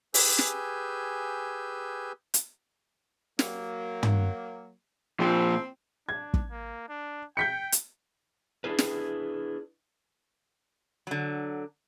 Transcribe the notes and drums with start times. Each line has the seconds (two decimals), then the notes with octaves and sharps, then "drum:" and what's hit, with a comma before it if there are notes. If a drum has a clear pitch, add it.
0.14 G4 G#4 B4 G#5 E6 G6, drum: open hi-hat
0.39 drum: snare
2.34 drum: hi-hat
3.39 F#3 A#3, drum: snare
4.03 drum: tom
5.20 A#2 F3 C4
6.09 D4 G#6
6.34 drum: kick
6.51 A#3
6.89 D4
7.37 G5 G6 B6 C#7
7.72 drum: hi-hat
8.64 D4 E4 G#4 B4
8.79 drum: snare
11.07 D3 F#3